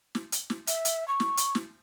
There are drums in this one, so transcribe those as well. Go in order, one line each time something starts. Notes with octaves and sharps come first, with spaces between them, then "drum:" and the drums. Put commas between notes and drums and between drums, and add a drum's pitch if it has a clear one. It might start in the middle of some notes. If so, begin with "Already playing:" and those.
drum: snare
drum: hi-hat
drum: snare
E5, drum: hi-hat
drum: hi-hat
C#6
drum: snare
drum: hi-hat
drum: snare